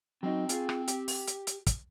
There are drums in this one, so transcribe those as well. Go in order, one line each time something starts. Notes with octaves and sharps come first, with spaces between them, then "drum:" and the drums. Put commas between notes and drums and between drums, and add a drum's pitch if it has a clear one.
F#3 C4 D#4
F4 G#4, drum: hi-hat
drum: rim click
G4, drum: hi-hat
drum: open hi-hat
drum: hi-hat
drum: hi-hat
drum: kick, hi-hat